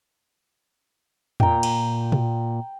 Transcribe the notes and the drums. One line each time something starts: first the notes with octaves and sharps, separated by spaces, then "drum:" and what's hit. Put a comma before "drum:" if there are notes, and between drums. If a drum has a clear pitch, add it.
A#2 G5 A#5, drum: tom E2
drum: cymbal
drum: tom A#2